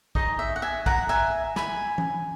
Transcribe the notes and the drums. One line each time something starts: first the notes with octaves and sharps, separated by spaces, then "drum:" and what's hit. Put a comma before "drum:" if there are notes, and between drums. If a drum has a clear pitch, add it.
D#4 G#4 C#5 D#5, drum: kick
E5
F#5
E5 G#5
F#5 A#5, drum: kick
E5 G#5
G#5 B5, drum: snare
drum: tom E3